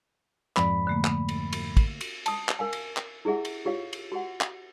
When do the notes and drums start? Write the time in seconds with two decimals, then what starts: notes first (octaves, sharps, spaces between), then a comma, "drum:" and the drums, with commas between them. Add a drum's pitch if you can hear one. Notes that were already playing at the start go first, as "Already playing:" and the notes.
0.57 F2 G#2 D5 B5, drum: clap
0.87 D3 A3 A#3
1.05 drum: clap
1.29 drum: cymbal
1.53 drum: cymbal
1.77 drum: kick, cymbal
2.01 drum: cymbal
2.26 A5 D#6, drum: cymbal
2.49 drum: clap
2.59 A#4 F5 G#5
2.73 drum: cymbal
2.97 drum: clap
3.25 E4 G4 G#4 E5 F#5
3.45 drum: cymbal
3.65 F4 G4 C#5 F5
3.93 drum: cymbal
4.12 F#4 G4 F#5
4.41 drum: clap